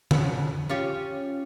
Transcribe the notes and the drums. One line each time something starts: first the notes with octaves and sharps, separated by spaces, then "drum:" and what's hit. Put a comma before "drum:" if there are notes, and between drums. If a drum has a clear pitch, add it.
F2 C#3, drum: tom D3
C#4 F4 G4